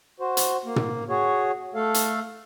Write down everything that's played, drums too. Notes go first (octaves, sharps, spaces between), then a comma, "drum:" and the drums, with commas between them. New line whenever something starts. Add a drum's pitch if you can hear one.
F#4 C5
drum: hi-hat
A#3
drum: tom
F#4 G#4 C#5
A3 A4 F5
drum: hi-hat